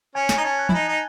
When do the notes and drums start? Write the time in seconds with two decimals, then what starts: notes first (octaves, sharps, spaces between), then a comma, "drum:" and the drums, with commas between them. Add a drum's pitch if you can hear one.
0.15 C#4 G#5 G#6
0.29 G#5 G#6, drum: snare
0.38 D#4
0.44 C#4 A5 A6
0.59 F#6
0.69 E4, drum: tom E3
0.73 D#4
0.88 D#4